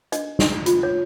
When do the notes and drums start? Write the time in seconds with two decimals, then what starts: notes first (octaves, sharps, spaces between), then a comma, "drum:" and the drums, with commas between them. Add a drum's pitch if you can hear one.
0.12 D4 D#5, drum: hi-hat
0.39 D4, drum: snare
0.66 F4, drum: hi-hat
0.83 C#5